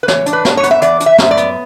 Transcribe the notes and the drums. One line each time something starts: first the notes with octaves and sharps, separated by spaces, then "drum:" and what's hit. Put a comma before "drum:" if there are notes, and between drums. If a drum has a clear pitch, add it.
B4
E3 C#5, drum: snare
D4, drum: hi-hat
B4
F#2, drum: snare
C#5
B3, drum: hi-hat
E5
E3 D5, drum: hi-hat
D4, drum: hi-hat
E5
F#2, drum: snare
D5
B3, drum: hi-hat